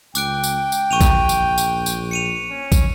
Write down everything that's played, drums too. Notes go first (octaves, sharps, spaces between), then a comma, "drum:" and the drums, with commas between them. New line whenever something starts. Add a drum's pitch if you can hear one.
C#2 G5 D6 F#6 D7, drum: tambourine
drum: tambourine
drum: tambourine
A#1 C#6 D#7 F7
drum: kick A#1, tambourine
drum: tambourine
drum: tambourine
drum: tambourine
C#7 D#7 F7
C#4
drum: kick A#1, tambourine